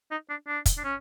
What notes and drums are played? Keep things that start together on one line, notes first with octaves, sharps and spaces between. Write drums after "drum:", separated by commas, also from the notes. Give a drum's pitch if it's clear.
D#4
D4
D4
drum: kick, hi-hat
D4
C#4